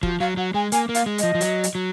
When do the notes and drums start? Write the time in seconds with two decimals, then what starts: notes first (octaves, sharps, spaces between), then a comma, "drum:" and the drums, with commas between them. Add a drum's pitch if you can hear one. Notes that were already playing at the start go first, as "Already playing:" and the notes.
0.03 F3 F#4, drum: kick E1
0.20 F#3 F5
0.37 F#3 F#5
0.54 G#3 G#5
0.72 A#3 G#5, drum: hi-hat
0.89 A#3
0.94 F5, drum: hi-hat
1.06 G#3
1.18 D#5, drum: hi-hat
1.23 F3
1.35 F3
1.41 F#3, drum: hi-hat
1.64 drum: hi-hat
1.75 F#3